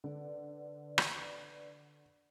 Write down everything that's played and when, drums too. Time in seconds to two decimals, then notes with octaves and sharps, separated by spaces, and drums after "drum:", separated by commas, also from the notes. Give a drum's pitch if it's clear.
0.04 D3 B4 D5
0.98 drum: rim click